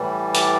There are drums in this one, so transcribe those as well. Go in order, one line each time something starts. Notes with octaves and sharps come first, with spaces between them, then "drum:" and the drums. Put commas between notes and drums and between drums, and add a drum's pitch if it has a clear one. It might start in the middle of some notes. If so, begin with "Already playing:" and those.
Already playing: A2 E3 G3
D5, drum: hi-hat